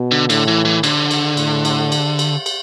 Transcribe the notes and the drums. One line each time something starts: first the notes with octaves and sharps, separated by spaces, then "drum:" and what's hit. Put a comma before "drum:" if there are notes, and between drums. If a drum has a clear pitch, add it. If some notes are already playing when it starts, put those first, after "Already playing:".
Already playing: B2
D3
A2 D3, drum: cymbal
E3
E3
D3, drum: cymbal
drum: cymbal
A2, drum: cymbal
drum: cymbal
drum: cymbal
drum: cymbal
drum: cymbal